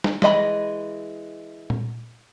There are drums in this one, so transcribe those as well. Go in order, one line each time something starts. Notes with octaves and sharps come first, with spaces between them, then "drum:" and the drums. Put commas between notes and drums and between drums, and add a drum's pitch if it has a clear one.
drum: snare
E3 G#3 D#5 B5, drum: snare
drum: tom A#2